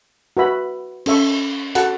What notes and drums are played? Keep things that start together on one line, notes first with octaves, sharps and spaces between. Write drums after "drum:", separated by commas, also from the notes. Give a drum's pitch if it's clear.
F#4 B4 E5 B5
C#4 A4 E5 C#6, drum: cymbal
F#4 A4 F#5 A5, drum: hi-hat